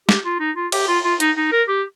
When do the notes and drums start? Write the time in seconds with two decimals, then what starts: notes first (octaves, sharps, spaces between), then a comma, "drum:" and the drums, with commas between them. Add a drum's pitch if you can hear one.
0.09 G4, drum: snare
0.25 F4
0.40 D#4
0.56 F4
0.72 G4, drum: cymbal
0.88 F4
1.04 F4
1.20 D#4, drum: hi-hat
1.37 D#4
1.52 A#4
1.68 G4